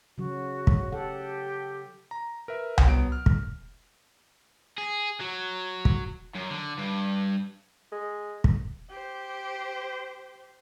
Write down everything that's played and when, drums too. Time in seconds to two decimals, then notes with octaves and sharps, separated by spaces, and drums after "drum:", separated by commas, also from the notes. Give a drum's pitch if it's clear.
0.18 C#3 F#3 F#4
0.67 drum: kick
0.92 G4 A4 F#5
2.11 A#5
2.48 A#4 B4 E5
2.78 drum: tom C2
2.87 F#3 B3 D7
3.12 F6
3.26 drum: kick
4.78 G#4
5.20 F#3
5.85 drum: kick
6.35 F#2
6.50 D3
6.78 G2
7.92 G#3
8.44 drum: kick
8.90 G4 C5